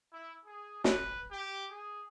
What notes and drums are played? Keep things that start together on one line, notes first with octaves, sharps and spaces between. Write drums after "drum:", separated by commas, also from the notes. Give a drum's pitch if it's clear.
E4
G#4
B4, drum: snare
G4
G#4